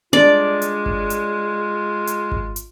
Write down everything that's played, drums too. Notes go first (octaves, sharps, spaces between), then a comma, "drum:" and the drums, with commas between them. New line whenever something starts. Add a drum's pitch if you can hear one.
G#3 D4 F4 D5
drum: hi-hat
drum: kick G#1
drum: hi-hat
drum: hi-hat
drum: kick G#1
drum: hi-hat